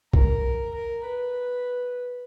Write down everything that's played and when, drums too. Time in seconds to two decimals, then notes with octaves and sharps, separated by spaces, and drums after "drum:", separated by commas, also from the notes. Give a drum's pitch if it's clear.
0.13 A#4, drum: kick B1
0.74 A#4
1.05 B4